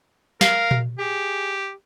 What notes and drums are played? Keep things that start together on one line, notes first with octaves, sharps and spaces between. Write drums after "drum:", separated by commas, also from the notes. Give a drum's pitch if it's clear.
A#4 F5, drum: snare
drum: tom A#2
G4 G#4